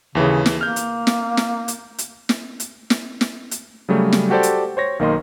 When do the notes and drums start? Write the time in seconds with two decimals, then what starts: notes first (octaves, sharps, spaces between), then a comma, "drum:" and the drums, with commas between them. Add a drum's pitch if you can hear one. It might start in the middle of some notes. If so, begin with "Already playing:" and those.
0.15 D#2 C#3 E3
0.46 drum: snare
0.61 A#3 F6 G6
0.76 drum: hi-hat
1.07 drum: snare
1.37 drum: snare
1.68 drum: hi-hat
1.98 drum: hi-hat
2.29 drum: snare
2.60 drum: hi-hat
2.90 drum: snare
3.21 drum: snare
3.51 drum: hi-hat
3.89 C#3 F#3 G3 A3
4.12 drum: snare
4.30 F#4 G4 A4 C5 D5
4.43 drum: hi-hat
4.77 C5 C#5 A#6
4.99 B1 D#3 A#3 D#5 C6